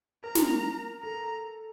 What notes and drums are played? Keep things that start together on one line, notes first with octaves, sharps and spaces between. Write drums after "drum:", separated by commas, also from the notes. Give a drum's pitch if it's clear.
A#4 A#5
drum: snare
A4 A#5